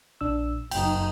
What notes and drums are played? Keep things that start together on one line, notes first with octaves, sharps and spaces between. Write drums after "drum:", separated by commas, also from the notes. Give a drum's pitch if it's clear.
A#1 D4 E6
F#1 D#4 G5, drum: cymbal